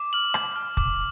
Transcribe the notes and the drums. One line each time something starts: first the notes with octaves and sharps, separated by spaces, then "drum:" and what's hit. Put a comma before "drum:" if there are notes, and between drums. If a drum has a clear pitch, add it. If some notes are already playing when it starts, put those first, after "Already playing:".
Already playing: D6
F6 F#7
D6, drum: rim click
F6
D6, drum: kick